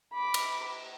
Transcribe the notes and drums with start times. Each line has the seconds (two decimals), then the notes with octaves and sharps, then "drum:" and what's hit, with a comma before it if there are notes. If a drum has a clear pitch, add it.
0.13 B5 D6
0.34 drum: cymbal